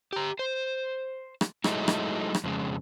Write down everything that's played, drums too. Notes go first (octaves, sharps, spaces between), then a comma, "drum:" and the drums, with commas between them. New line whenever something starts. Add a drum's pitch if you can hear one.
G4 A#5
C5
drum: rim click
F#3 G#3 A3 D#4 E4, drum: rim click
drum: rim click
drum: rim click
F2 C#3 G#3